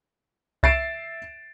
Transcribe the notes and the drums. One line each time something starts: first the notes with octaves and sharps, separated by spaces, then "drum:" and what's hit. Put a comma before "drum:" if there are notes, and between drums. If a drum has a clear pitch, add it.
E5 A6 C7 D7 E7, drum: kick C2